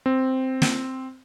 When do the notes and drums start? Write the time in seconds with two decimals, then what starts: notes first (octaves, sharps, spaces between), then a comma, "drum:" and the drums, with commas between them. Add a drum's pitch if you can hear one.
0.06 C4
0.62 drum: snare